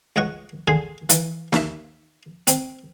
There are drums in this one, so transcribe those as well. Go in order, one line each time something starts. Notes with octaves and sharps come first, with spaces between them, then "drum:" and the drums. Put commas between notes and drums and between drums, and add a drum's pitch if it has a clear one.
C#2 C#5 D#5 F#5 C#6
D3 G#4 G#5 C6
E3, drum: hi-hat
D#2 E5, drum: snare
C4, drum: hi-hat